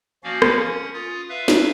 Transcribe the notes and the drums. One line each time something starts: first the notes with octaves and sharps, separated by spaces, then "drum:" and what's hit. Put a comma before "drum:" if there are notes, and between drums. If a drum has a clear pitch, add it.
F3 A#3 C#4 F#4 D5 F5
drum: rim click
C#4 F#5
F4 D#6
B4 E5 F5
drum: snare